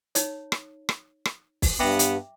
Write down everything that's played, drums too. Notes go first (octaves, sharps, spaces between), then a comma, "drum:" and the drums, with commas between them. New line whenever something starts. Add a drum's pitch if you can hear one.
D#4 C#5, drum: hi-hat
drum: rim click
drum: rim click
drum: rim click
drum: kick, open hi-hat
G2 B3 E5 G5 D6
drum: hi-hat